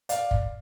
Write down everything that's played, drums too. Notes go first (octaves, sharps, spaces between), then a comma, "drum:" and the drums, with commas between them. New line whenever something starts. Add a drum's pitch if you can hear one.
D5 F5, drum: hi-hat
drum: kick